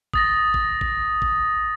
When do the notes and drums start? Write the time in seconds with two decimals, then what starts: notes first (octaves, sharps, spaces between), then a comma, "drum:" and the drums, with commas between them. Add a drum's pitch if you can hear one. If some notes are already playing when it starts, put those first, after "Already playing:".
0.13 D#6 A6 A#6, drum: kick
0.54 drum: kick
0.81 drum: kick
1.22 drum: kick